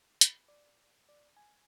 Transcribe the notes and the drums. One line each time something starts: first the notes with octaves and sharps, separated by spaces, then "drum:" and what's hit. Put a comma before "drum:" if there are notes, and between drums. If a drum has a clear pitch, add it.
B5, drum: hi-hat
D5
D5
G#5